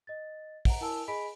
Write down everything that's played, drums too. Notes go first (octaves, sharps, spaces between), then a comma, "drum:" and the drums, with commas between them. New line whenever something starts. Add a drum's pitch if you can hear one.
D#5 A6
F#5 A#5, drum: kick, open hi-hat
E4 A#4 G#5 A5 E6
G#4 D#5 G#5 B5 B6 D7